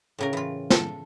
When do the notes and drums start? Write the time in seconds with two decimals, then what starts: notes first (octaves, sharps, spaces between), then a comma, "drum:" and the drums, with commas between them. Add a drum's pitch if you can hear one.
0.19 A2 C#3 A#4
0.33 E3 F4
0.70 A4, drum: snare